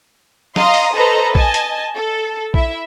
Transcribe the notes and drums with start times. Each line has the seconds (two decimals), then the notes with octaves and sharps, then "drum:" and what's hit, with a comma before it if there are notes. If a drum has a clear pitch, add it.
0.56 D#5 F5 A#5 C6 D#6, drum: snare
0.74 drum: open hi-hat
0.94 A4 B4 C5 D#5 A#5
1.35 D#5 G#5 A5, drum: kick A#1
1.54 drum: hi-hat
1.96 A4
2.54 E4 E5, drum: kick A#1